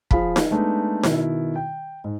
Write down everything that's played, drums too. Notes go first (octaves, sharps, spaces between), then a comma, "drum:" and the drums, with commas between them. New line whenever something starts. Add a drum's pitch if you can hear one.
F3 G#4 F5 B5 B6, drum: kick
drum: snare D#4
G#3 A3 B3 D4 D#4
B2 D#3 E4, drum: snare D#4
G5
G#2